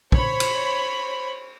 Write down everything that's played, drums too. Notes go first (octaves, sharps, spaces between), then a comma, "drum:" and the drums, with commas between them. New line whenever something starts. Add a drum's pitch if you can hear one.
C5 C#5 B5, drum: kick
drum: cymbal